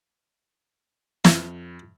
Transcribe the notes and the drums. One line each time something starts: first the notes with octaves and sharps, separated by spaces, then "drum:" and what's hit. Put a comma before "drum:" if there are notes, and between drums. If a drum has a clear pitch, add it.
F2 E5, drum: snare